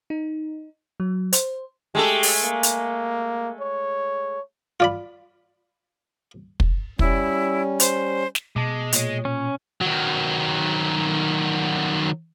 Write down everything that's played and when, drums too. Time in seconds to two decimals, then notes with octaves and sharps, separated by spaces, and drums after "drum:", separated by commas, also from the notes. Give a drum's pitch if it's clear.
0.10 D#4
1.00 F#3
1.33 C5, drum: hi-hat
1.95 G#3 A3 G4 A4
2.23 drum: open hi-hat
2.43 A#3
2.63 drum: hi-hat
3.60 C#5
4.80 F4 D5 B5
6.60 drum: kick
6.99 G3 C#4 E4, drum: kick
7.80 C5, drum: hi-hat
8.35 drum: snare
8.56 B2 G#3 A5 D6
8.92 A#2 C#5, drum: hi-hat
9.25 C#4
9.82 D#3 F#3